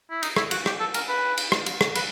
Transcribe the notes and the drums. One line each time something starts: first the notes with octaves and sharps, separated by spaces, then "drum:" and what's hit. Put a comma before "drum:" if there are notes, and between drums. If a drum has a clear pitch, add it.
E4
D#4, drum: cymbal
E4, drum: rim click
F#4, drum: cymbal
G4, drum: rim click
A4
A#4, drum: cymbal
B4
drum: cymbal
drum: rim click
drum: cymbal
drum: rim click
B4, drum: cymbal